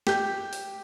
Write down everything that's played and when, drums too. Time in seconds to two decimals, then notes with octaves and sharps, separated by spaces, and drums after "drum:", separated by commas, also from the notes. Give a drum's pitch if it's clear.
0.07 G4 G6, drum: snare
0.53 drum: open hi-hat